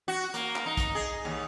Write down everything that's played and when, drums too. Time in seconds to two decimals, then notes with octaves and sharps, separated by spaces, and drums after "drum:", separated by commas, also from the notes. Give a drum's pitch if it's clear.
0.08 F#4
0.34 A#3, drum: hi-hat
0.56 drum: clap
0.66 D#4
0.77 drum: kick, hi-hat
0.95 G#4
1.25 D#2